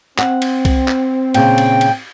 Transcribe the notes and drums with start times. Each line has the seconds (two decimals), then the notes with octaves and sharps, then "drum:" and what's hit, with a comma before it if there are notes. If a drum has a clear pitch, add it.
0.19 C4 F#5, drum: clap
0.42 drum: cymbal
0.65 drum: kick C2, cymbal
0.88 drum: clap
1.34 A#2 C#3 G5, drum: cymbal
1.58 drum: cymbal
1.81 drum: cymbal